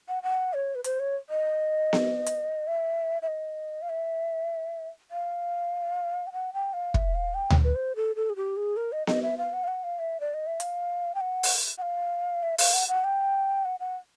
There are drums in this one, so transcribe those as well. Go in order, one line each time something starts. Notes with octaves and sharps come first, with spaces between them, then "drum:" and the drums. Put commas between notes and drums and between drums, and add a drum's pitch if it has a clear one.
F#5
F#5
C#5
B4
C5, drum: hi-hat
C#5
D#5
drum: snare B3
drum: hi-hat
E5
E5
D#5
F5
E5
F5
G5
F#5
G5
F5
E5, drum: kick
F5
G5
drum: tom D2
B4
C5
A4
A4
G#4
G4
G#4
A#4
D#5
D#5, drum: snare B3
E5
F5
F#5
F5
F#5
F5
E5
D5
D#5
E5
F5, drum: hi-hat
G5
F#5
drum: open hi-hat
F#5
F5
E5
F5, drum: open hi-hat
F#5
F#5
G5
F#5
F#5